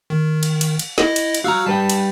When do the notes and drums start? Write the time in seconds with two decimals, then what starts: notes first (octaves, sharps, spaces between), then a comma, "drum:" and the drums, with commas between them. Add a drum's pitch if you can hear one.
0.10 D#3
0.43 drum: cymbal
0.61 drum: cymbal
0.79 drum: cymbal
0.98 E4 D#5, drum: snare
1.16 drum: cymbal
1.34 drum: cymbal
1.44 F#4 F5 A#5 E6 F6
1.66 G3 B4 G5 A5
1.90 drum: cymbal